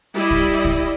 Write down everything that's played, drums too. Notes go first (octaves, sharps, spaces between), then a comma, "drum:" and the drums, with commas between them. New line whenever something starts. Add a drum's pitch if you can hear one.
G3 E4 D5 D#5
drum: kick
drum: kick